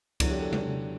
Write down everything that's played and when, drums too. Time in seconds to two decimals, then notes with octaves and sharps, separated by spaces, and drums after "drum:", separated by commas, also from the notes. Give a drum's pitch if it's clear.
0.20 E2 D3 F#3 E4, drum: kick C#2, cymbal
0.31 G4
0.42 A4
0.53 drum: tom